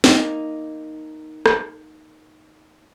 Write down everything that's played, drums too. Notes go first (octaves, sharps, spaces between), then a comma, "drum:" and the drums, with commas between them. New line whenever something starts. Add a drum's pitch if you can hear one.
A#3 D#4, drum: snare
drum: rim click